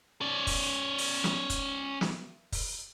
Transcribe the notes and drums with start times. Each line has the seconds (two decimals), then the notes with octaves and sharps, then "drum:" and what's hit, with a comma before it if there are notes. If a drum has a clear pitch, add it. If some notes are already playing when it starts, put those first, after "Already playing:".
0.21 C#4 D5
0.47 drum: kick, open hi-hat
0.98 drum: open hi-hat
1.24 drum: snare
1.50 drum: kick, hi-hat
2.01 drum: snare
2.52 drum: kick, open hi-hat